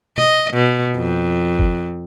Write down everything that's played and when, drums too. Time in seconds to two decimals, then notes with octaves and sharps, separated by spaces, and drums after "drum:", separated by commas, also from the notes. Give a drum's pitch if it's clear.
0.18 D#5, drum: tom
0.54 B2
0.95 F2
1.59 drum: kick G1